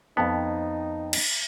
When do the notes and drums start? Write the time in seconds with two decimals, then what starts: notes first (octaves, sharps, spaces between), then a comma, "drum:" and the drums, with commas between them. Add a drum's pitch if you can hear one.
0.17 F2 B3 D#4 G5 A5
1.13 drum: cymbal